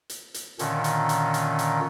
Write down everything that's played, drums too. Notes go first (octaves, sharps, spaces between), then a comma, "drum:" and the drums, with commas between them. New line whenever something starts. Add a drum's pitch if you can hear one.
drum: hi-hat
drum: hi-hat
A#2 D3 D#3 C#4, drum: hi-hat
drum: hi-hat
drum: hi-hat
drum: hi-hat
drum: hi-hat